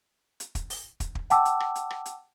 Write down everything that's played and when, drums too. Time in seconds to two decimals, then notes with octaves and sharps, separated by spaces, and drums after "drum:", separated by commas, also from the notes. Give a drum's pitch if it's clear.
0.40 drum: hi-hat
0.55 drum: kick, hi-hat
0.70 drum: open hi-hat
1.00 drum: kick, hi-hat
1.15 drum: kick
1.30 F#5 G5 A5 D6 E6, drum: hi-hat
1.45 drum: hi-hat
1.60 drum: rim click
1.75 drum: hi-hat
1.90 drum: rim click
2.06 drum: hi-hat